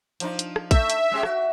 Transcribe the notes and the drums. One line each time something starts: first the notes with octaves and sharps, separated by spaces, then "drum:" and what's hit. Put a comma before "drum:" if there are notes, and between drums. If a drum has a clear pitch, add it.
F3 D4 D#4, drum: hi-hat
drum: hi-hat
drum: rim click
A3 E5, drum: kick, hi-hat
drum: hi-hat
G#3 C#4 G4
F#4 E5, drum: rim click